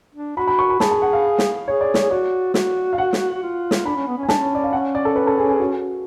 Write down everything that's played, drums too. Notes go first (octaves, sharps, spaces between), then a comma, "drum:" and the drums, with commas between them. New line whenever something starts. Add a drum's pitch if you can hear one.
D4
F#4 B5
B5
C#6
B5
G#4 A5, drum: snare
A5
F#5
F5
drum: snare
G#4 C#5
D5
C#5, drum: snare
G#4
F#4 D5
F#4, drum: snare
F5
F#5
drum: snare
F#4
F4
drum: snare
D4 B5
C#4
B3
C#4 G#5
D4 A5, drum: snare
C#4
D5
F5
C#4 F#5
D5
A4
B4
A4
G#4
G#4
F#4